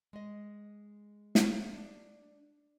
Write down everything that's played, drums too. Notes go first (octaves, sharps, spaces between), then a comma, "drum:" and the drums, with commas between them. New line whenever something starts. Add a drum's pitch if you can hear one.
G#3 D#5
drum: snare
D4